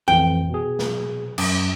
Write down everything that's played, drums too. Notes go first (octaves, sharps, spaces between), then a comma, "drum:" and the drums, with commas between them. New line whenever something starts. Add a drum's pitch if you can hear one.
A1 F2 E3 G5
B2 G#4
drum: snare
F#2 D6 D#6, drum: cymbal